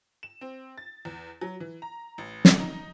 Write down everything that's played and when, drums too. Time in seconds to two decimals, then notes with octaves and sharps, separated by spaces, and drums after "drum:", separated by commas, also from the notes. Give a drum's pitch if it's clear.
0.23 E7
0.41 C4
0.78 A6
1.05 E2
1.41 F#3
1.60 E3
1.82 A#5
2.18 A1
2.45 drum: snare
2.60 D#4